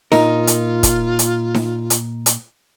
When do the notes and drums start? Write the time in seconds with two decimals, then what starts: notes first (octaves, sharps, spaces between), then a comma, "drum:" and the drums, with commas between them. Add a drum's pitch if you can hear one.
0.12 A#2 D#4 F4 A#4, drum: snare D#4
0.47 drum: hi-hat
0.83 drum: kick, hi-hat
1.19 drum: hi-hat
1.54 drum: snare D#4
1.90 drum: hi-hat
2.26 drum: hi-hat